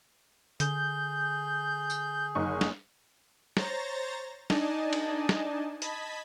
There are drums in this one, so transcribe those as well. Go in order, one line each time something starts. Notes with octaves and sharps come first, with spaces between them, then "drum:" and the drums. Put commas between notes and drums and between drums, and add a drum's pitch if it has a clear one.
D3 G#4 G6, drum: hi-hat
drum: tambourine
F#1 D#4 C#6
drum: snare
C5 C#5 A#5 A6 A#6, drum: snare
D4 D#4 D5 D#5 G#5 A5, drum: snare
drum: cymbal
drum: snare
D#5 A5 B5 G#6 B6, drum: hi-hat